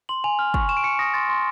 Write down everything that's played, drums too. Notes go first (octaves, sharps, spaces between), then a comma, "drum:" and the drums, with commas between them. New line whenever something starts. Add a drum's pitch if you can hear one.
C6 F#7
G#5 F7
F6
C#6, drum: kick
C#6 E7
D7
C#6 C#7
D#6 A#6
C6 A6
C6